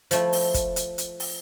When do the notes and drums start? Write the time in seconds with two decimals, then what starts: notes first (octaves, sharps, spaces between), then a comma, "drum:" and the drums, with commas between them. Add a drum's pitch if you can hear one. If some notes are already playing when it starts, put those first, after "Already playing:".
0.11 F3 A3 E4, drum: hi-hat
0.33 drum: open hi-hat
0.54 drum: kick, hi-hat
0.76 drum: hi-hat
0.98 drum: hi-hat
1.20 drum: open hi-hat